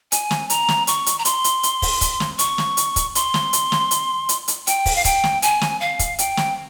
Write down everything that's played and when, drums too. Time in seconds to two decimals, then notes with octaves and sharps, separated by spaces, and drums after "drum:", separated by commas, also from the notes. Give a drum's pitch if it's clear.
0.12 G#5, drum: hi-hat
0.31 drum: snare
0.50 A#5, drum: hi-hat
0.68 drum: snare
0.87 C#6, drum: hi-hat
1.06 drum: hi-hat
1.19 A#5
1.25 C6, drum: hi-hat
1.44 drum: hi-hat
1.63 drum: hi-hat
1.82 drum: kick, open hi-hat
2.01 drum: kick, hi-hat
2.20 drum: snare
2.39 C#6, drum: hi-hat
2.58 drum: snare
2.77 drum: hi-hat
2.96 drum: kick, hi-hat
3.15 C6, drum: hi-hat
3.34 drum: snare
3.53 drum: hi-hat
3.72 drum: snare
3.91 drum: hi-hat
4.29 drum: hi-hat
4.48 drum: hi-hat
4.67 G5, drum: hi-hat
4.86 drum: kick, open hi-hat
4.95 F5
5.05 G5, drum: kick, hi-hat
5.24 drum: snare
5.42 G#5, drum: hi-hat
5.61 drum: snare
5.81 F5
5.99 drum: kick, hi-hat
6.19 G5, drum: hi-hat
6.37 drum: snare